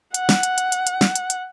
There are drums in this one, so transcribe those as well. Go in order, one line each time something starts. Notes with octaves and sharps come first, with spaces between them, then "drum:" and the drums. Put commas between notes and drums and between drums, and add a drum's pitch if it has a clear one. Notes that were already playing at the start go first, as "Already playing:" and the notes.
F#5, drum: hi-hat
drum: snare
drum: hi-hat
drum: hi-hat
drum: hi-hat
drum: hi-hat
drum: snare
drum: hi-hat
drum: hi-hat